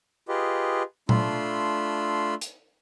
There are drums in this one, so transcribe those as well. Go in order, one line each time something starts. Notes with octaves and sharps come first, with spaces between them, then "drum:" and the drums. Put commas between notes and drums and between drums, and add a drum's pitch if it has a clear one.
F4 G4 G#4 B4 D#5
A3 D4 F4 B5 C6 E6, drum: tom A#2
drum: hi-hat